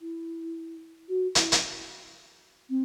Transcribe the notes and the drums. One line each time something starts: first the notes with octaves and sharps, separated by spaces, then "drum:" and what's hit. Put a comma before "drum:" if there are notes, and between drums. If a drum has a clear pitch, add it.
E4
F#4
E4, drum: hi-hat
drum: hi-hat
C4